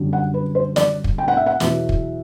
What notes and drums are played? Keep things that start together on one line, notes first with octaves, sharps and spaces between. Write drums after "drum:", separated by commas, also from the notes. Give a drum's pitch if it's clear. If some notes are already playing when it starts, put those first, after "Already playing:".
Already playing: F#2 D3 G3
F#5
B4
C5
D5, drum: snare
drum: kick
G5
F#5
E5
F#5
E2 B2 F#3 E5, drum: snare
drum: kick